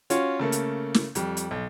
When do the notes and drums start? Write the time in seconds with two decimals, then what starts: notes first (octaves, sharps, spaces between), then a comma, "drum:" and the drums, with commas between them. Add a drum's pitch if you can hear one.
0.10 C#4 F4 F#4 C#5, drum: hi-hat
0.39 C#3 A3 A#3
0.52 drum: hi-hat
0.94 drum: snare
1.15 F2 G3, drum: hi-hat
1.37 drum: hi-hat
1.51 B1